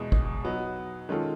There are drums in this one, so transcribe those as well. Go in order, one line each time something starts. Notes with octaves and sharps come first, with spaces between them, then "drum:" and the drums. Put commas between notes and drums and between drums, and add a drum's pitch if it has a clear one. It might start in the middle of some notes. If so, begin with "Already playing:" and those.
Already playing: E2 B2 G#3
drum: kick
F#3 B3 D#4
D#3 G#3 C#4 F4 A4